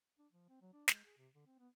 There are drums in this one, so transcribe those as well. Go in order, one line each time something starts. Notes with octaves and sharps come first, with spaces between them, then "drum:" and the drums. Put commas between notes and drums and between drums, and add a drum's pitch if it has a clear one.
D4
F3
C4
F#3
D4
G#3, drum: snare
G#4
C3
D3
C4
B3